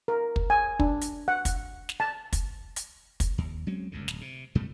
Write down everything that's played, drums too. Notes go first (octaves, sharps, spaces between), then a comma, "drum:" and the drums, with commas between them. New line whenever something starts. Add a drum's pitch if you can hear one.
A#4
drum: kick
G#5
D4, drum: kick
drum: hi-hat
F#5
drum: kick, hi-hat
drum: snare
A5
drum: kick, hi-hat
drum: hi-hat
drum: kick, hi-hat
D#2
F#3 G#3 C4 C#4
G1 C#2 F#2 C#3
D1, drum: snare
C3
F#2 B2 G3 A3